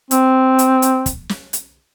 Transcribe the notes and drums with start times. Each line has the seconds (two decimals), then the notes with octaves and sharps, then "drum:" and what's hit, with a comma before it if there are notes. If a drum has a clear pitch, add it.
0.11 C4, drum: hi-hat
0.59 drum: hi-hat
0.82 drum: hi-hat
1.06 drum: kick, hi-hat
1.29 drum: snare
1.53 drum: hi-hat